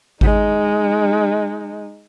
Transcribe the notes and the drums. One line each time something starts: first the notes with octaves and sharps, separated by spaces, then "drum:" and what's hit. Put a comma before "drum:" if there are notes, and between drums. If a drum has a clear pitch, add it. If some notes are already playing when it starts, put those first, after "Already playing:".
G#3 D#4, drum: kick G#1